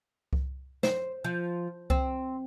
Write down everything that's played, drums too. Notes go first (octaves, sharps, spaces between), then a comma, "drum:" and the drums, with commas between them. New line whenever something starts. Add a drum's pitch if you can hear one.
drum: kick C2
C5, drum: snare
F3
C4, drum: kick C2